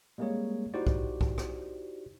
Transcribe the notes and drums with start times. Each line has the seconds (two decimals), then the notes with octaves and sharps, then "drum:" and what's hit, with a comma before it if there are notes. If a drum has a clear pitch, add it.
0.18 G3 G#3 A#3 C4 G#4 C#5
0.74 D#4 E4 F#4 G4 C5 D5
0.87 drum: kick B1
1.21 drum: kick B1
1.38 drum: rim click